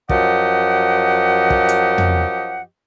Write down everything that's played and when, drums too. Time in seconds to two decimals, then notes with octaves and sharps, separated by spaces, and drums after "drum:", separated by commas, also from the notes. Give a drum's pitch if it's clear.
0.09 F#2 F3 G4 D#5 F#5, drum: kick
1.50 drum: kick
1.69 drum: hi-hat
1.98 drum: tom